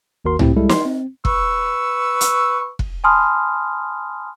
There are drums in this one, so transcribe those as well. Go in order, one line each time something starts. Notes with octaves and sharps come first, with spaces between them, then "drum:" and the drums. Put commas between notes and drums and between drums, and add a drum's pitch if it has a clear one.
G1 D#2 F#4 A#4 C6
A2 C4 E4 G4, drum: tom C2
G3 G#3 E4 A4
C6, drum: snare
C4
B4 C#6 E6, drum: kick F1
drum: hi-hat
drum: kick F1
G#5 A5 B5 C6 D#6 F6